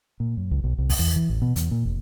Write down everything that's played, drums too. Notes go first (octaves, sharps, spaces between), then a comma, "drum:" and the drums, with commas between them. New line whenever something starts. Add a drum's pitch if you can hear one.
A#2
F#2
C#2
B1
C2
drum: kick, open hi-hat
E2
E3
A1
B2
E2, drum: hi-hat
A#2
F1